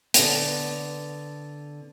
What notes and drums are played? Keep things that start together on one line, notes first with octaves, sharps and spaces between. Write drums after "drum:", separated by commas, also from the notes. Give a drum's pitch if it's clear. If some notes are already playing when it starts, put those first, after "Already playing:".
D3 B3, drum: hi-hat